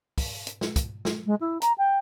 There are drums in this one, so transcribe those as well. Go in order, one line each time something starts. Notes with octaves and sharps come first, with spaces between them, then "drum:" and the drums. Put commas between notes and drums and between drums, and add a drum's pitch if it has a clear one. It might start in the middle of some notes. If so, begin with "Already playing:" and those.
drum: kick, open hi-hat
drum: hi-hat
drum: snare
drum: kick, hi-hat
drum: snare
G#3
E4
A#5, drum: hi-hat
G5